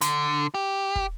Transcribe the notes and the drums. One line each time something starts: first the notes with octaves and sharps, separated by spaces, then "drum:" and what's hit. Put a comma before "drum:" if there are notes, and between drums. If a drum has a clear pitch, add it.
D3, drum: hi-hat
G4
drum: kick